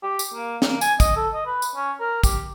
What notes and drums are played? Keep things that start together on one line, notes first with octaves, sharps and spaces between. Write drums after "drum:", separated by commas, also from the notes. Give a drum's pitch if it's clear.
G4
drum: tambourine
A#3
A#3, drum: snare
G#5, drum: tambourine
D#5, drum: kick, tambourine
A4
D#5
B4
drum: tambourine
C#4
A#4
G4, drum: kick, tambourine